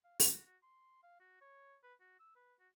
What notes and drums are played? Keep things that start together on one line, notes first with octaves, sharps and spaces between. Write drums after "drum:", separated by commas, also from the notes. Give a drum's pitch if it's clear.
F5
F#4, drum: open hi-hat
F#4
C6
F5
F#4
C#5
B4
F#4
E6
B4
F#4